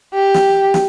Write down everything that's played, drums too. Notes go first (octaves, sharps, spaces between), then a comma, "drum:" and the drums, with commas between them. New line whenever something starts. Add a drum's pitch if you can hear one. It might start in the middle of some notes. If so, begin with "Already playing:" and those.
G4
drum: snare
drum: snare